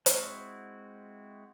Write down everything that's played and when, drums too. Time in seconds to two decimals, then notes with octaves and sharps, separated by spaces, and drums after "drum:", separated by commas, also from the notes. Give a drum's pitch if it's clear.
0.06 G#3 C4 E4 F#4, drum: hi-hat